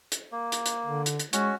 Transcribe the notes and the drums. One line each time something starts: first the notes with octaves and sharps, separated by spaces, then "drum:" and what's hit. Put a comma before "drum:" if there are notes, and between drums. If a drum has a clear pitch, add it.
drum: hi-hat
A#3
drum: hi-hat
drum: hi-hat
D3
drum: hi-hat
drum: hi-hat
G#3 C#4 F#4, drum: hi-hat